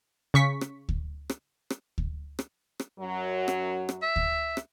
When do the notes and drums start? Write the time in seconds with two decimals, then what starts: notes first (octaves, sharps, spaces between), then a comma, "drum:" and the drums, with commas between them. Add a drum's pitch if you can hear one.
0.34 C#3 C#6 B6
0.61 drum: rim click
0.89 drum: kick D2
1.30 drum: rim click
1.70 drum: rim click
1.98 drum: kick D2
2.39 drum: rim click
2.80 drum: rim click
3.00 F#2 F#3
3.48 drum: rim click
3.89 drum: rim click
4.02 E5
4.16 drum: kick D2
4.57 drum: rim click